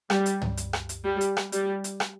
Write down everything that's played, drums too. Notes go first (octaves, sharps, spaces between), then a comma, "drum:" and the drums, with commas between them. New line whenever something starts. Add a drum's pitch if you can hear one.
G3, drum: rim click
drum: hi-hat
drum: tom
drum: hi-hat
drum: rim click
drum: hi-hat
G3
drum: hi-hat
drum: rim click
G3, drum: hi-hat
drum: hi-hat
drum: rim click